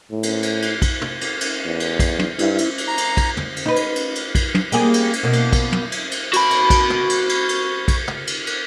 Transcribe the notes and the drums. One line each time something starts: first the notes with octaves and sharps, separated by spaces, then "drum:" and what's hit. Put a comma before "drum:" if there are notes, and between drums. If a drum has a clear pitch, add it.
A2
drum: cymbal
drum: cymbal
drum: cymbal
drum: kick, cymbal
drum: tom
drum: cymbal
drum: cymbal
E2
drum: cymbal
drum: kick, cymbal
drum: tom
G2 E4, drum: cymbal
drum: cymbal
drum: cymbal
A#5
drum: cymbal
drum: kick, cymbal
drum: tom
drum: cymbal
D#4 B4
drum: cymbal
drum: cymbal
drum: cymbal
drum: kick, cymbal
drum: tom
G3 A#3 G#4, drum: cymbal
drum: cymbal
drum: cymbal
B2 A#3
drum: cymbal
drum: kick, cymbal
drum: tom
drum: cymbal
drum: cymbal
F#4 B5, drum: cymbal
drum: cymbal
drum: kick, cymbal
drum: tom
drum: cymbal
drum: cymbal
drum: cymbal
drum: kick, cymbal
drum: tom
drum: cymbal
drum: cymbal